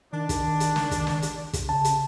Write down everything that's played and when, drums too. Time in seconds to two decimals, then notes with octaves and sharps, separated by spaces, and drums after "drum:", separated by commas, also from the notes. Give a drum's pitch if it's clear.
0.13 D#3 D4
0.29 drum: kick, hi-hat
0.60 drum: hi-hat
0.76 drum: snare
0.91 drum: kick, hi-hat
1.07 drum: snare
1.22 drum: hi-hat
1.53 drum: kick, hi-hat
1.69 C#3 A5
1.84 drum: hi-hat